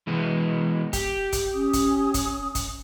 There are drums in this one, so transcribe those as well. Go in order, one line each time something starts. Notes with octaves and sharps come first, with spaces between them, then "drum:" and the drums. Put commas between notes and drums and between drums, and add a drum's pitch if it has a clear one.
E3 G#3 B3
G4, drum: kick, hi-hat
drum: kick, hi-hat
C#4 D#6
drum: kick, hi-hat
drum: kick, hi-hat
drum: kick, hi-hat